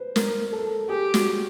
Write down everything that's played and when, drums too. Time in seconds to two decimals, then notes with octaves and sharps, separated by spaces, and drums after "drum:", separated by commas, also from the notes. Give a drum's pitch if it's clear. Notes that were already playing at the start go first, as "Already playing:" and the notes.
Already playing: B4 C5
0.16 A#4, drum: snare
0.52 A4
0.89 G4 G#4
1.14 F#4, drum: snare